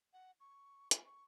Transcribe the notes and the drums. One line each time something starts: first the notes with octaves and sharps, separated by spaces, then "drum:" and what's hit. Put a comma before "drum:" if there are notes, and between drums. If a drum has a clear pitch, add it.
F#5
C#6
F4, drum: hi-hat
C#6